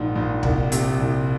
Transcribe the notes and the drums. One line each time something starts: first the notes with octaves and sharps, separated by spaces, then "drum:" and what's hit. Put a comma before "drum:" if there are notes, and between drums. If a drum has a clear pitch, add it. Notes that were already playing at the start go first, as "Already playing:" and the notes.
Already playing: A#1 G#2
A#1
C2, drum: kick
C3, drum: hi-hat
C2